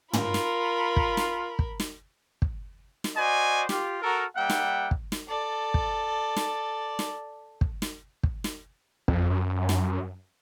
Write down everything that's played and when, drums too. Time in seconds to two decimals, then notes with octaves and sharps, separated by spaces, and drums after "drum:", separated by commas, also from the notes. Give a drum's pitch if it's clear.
0.13 F4 A#4 B5, drum: tom
0.34 drum: snare
0.96 drum: kick
1.17 drum: snare
1.59 drum: kick
1.80 drum: snare
2.42 drum: kick
3.04 drum: snare
3.15 F#4 C5 D5 D#5 G#5
3.69 F4 G4, drum: snare
4.02 F#4 A4 A#4
4.36 G3 A#3 E5 F#5 G5
4.50 drum: snare
4.91 drum: kick
5.12 drum: snare
5.28 A4 D5
5.74 drum: kick
6.37 drum: snare
6.99 drum: snare
7.61 drum: kick
7.82 drum: snare
8.23 drum: kick
8.44 drum: snare
9.08 F2, drum: kick
9.30 F#2
9.69 drum: snare